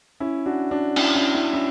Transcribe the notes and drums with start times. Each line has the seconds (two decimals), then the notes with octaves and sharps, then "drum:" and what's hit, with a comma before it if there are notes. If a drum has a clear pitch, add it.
0.20 C#4 E4
0.46 D4 F#4
0.71 D4 F#4
0.96 C#4 E4, drum: cymbal
1.15 C#4 E4
1.35 C#4 E4
1.53 C#4 E4